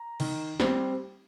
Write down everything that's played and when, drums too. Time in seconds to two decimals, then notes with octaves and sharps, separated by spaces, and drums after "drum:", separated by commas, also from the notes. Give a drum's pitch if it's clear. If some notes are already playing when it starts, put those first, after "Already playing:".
Already playing: A#5
0.20 D#3, drum: cymbal
0.60 G3 C4, drum: snare